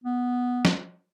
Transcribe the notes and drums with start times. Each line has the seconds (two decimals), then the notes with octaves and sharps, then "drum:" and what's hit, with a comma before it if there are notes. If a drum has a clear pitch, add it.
0.04 B3
0.65 drum: snare